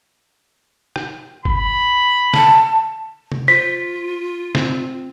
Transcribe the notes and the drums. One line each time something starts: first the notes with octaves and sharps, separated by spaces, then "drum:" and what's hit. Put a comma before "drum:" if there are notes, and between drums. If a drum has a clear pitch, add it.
drum: rim click
B5, drum: kick G1
A5, drum: snare
drum: tom C3
F4 C5 B6
C4, drum: snare